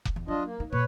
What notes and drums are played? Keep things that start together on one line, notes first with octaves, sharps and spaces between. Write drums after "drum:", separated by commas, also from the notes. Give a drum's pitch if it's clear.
drum: kick F1
E2
F#3 D4 F4 D#5
A#3
D#4
A#2 B4 C#5